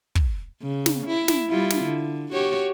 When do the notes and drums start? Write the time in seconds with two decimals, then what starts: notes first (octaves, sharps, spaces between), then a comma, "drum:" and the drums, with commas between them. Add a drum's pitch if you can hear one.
0.15 drum: kick
0.62 C#3
0.86 drum: snare
1.06 E4
1.28 drum: snare
1.49 G3 E4 F4
1.70 drum: snare
1.85 D3
2.33 F#4 G4 C#5